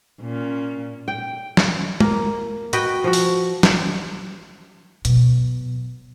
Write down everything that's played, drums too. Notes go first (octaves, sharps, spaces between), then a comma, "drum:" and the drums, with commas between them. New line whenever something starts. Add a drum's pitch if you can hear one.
A#2 C#4
G5
drum: snare
A#3, drum: tom G#3
F#4 B4 D#5 G5, drum: hi-hat
F3 F#4
drum: open hi-hat
drum: snare
B2 F#3, drum: hi-hat